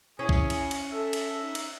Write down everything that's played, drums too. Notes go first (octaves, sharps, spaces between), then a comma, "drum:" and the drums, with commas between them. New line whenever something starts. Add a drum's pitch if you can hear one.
C#4 E4 G#4
drum: kick A#1
drum: cymbal
drum: cymbal
A4 E5
drum: cymbal
D#4
drum: cymbal